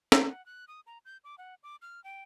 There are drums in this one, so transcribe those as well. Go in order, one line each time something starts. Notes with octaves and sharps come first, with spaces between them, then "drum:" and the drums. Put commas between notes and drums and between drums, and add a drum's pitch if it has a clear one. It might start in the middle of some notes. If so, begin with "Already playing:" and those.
drum: snare
F#5
F#6
D#6
A#5
G6
D6
F#5
D6
F6
G5